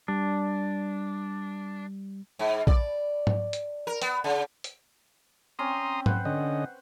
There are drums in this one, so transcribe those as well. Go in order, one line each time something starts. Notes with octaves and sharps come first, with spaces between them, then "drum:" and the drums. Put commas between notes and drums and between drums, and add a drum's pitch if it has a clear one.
G3 D4
G#2
D5, drum: kick A#1
drum: tom
drum: hi-hat
A#4
B3, drum: hi-hat
C#3
drum: hi-hat
C4 C#4 A#5 C6 D#6
B4 C5 F#5, drum: tom
D3 C#4 D#5